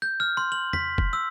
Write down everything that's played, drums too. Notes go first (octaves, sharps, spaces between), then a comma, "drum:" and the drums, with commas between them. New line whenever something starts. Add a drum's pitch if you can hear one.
G6
F6
C6
F#7
B6, drum: tom E2
drum: kick
E6